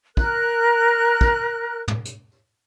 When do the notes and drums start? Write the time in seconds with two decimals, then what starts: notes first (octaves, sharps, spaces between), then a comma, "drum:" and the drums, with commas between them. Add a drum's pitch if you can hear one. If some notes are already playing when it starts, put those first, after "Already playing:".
0.17 A#4 F#6, drum: kick
1.21 drum: kick
1.88 drum: tom
2.05 drum: hi-hat